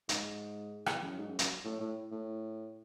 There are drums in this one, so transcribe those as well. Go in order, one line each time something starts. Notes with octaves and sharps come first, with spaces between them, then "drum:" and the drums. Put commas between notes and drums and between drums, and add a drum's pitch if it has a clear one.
G#2, drum: hi-hat
E2, drum: rim click
F#2
G#2
F#2
F#2, drum: hi-hat
A2
A2
A2